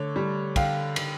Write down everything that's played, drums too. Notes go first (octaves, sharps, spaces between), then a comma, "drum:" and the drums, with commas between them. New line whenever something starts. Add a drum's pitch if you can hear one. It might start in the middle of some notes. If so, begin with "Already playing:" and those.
Already playing: D3 A3 C#5
G3
D3 F5 G5, drum: kick, cymbal
D3, drum: cymbal